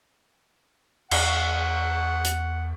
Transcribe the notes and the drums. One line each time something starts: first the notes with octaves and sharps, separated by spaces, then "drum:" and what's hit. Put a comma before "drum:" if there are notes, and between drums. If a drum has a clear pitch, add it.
E2 F#5, drum: cymbal
drum: hi-hat